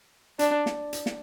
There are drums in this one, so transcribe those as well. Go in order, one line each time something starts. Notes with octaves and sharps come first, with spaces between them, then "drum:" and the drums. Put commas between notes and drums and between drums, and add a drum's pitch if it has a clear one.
D4, drum: hi-hat
drum: snare
drum: hi-hat
drum: snare